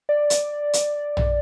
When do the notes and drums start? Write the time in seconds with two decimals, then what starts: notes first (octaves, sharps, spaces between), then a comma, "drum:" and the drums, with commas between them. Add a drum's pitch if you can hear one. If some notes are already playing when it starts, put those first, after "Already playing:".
0.09 D5
0.30 drum: hi-hat
0.73 drum: hi-hat
1.17 drum: tom A#1